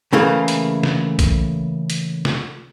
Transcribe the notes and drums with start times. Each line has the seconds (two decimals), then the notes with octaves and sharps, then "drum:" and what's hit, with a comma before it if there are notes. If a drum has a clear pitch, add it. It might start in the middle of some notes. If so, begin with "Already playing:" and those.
0.13 C#3 E3 A3 A#3
0.48 drum: hi-hat
0.83 drum: snare
1.19 drum: kick A#1, hi-hat
1.90 drum: hi-hat
2.25 drum: snare